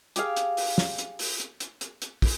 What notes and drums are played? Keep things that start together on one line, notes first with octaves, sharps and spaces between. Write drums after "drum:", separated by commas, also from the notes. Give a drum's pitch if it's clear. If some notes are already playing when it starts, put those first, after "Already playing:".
G4 G#4 F5, drum: hi-hat
drum: hi-hat
drum: open hi-hat
drum: snare
drum: hi-hat
drum: open hi-hat
drum: hi-hat
drum: hi-hat
drum: hi-hat
drum: hi-hat
drum: kick, open hi-hat